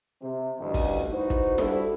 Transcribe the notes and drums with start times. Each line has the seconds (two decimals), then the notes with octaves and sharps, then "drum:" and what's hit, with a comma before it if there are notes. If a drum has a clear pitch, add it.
0.22 C3
0.59 A1 D2 G2 D#5
0.74 drum: kick, open hi-hat
1.11 D#4 E4 F#4 B4 C5
1.30 drum: kick, hi-hat
1.58 G3 D4 E4 F#4 A4, drum: snare E4